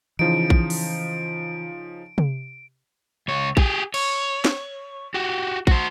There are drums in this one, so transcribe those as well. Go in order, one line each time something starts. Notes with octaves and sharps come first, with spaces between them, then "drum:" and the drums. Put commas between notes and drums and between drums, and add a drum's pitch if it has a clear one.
C#3 E3 F3 D#4 D7
drum: kick A#1
drum: open hi-hat
drum: tom C3
C#2 C#5
G4 G#4, drum: kick A#1
C#5, drum: cymbal
drum: snare
F#4 G4
F#4 C5, drum: kick A#1